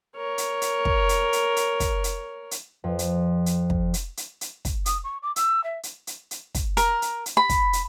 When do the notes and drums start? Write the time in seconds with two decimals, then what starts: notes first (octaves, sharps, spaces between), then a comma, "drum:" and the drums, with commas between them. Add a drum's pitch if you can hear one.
0.16 A#4 C#5
0.38 drum: hi-hat
0.62 drum: hi-hat
0.85 drum: kick
1.09 drum: hi-hat
1.33 drum: hi-hat
1.56 drum: hi-hat
1.80 drum: kick, hi-hat
2.04 drum: hi-hat
2.51 drum: hi-hat
2.84 F2
2.99 drum: hi-hat
3.46 drum: hi-hat
3.70 drum: kick
3.94 drum: hi-hat
4.17 drum: hi-hat
4.41 drum: hi-hat
4.65 drum: kick, hi-hat
4.86 D#6, drum: hi-hat
5.04 C#6
5.22 D6
5.36 E6, drum: hi-hat
5.64 E5
5.83 drum: hi-hat
6.07 drum: hi-hat
6.31 drum: hi-hat
6.55 drum: kick, hi-hat
6.77 A#4, drum: hi-hat
7.02 drum: hi-hat
7.26 drum: hi-hat
7.37 B5
7.49 drum: kick, hi-hat
7.73 drum: hi-hat